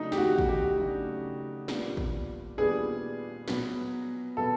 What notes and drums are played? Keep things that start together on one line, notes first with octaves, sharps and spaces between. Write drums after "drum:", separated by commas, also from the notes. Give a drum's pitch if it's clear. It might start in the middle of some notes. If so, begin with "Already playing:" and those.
Already playing: C#3 F#3 A3 D4 D#4
G4, drum: snare
F#4
drum: kick
G4
C#3 F#3 A3 D4
A#2 G3 B3 D4, drum: snare
drum: kick
A#2 G3 B3 D4 G#4
B2 F#3 B3, drum: snare
B2 F#3 B3 A4